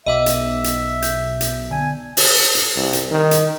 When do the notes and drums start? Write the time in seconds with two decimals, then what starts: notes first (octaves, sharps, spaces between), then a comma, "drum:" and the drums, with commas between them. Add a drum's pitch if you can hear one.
0.06 B1 D#5 E5 F#5 D6
0.26 drum: hi-hat
0.64 drum: hi-hat
1.02 G6, drum: hi-hat
1.41 drum: hi-hat
1.71 D3 G#5
2.17 drum: open hi-hat
2.55 drum: hi-hat
2.76 C2
2.93 drum: hi-hat
3.11 D#3
3.31 drum: hi-hat